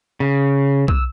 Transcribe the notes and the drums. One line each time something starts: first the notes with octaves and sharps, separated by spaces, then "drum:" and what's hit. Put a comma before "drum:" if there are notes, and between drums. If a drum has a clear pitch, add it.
C#3
E6, drum: kick B1